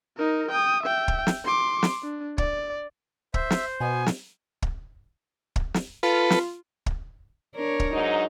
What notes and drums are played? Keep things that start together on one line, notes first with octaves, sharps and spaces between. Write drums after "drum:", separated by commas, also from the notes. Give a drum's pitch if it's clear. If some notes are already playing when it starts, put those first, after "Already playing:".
D#4 A#4
G5 D#6
E5 G5
drum: kick
drum: snare
C6 D6
drum: snare
D4
D5, drum: kick
C5 E5, drum: kick
drum: snare
B2 B3 G#5
drum: snare
drum: kick
drum: kick
drum: snare
F4 A4 B4
drum: snare
drum: kick
D4 A#4 C#5
drum: kick
G#2 F#3 D#4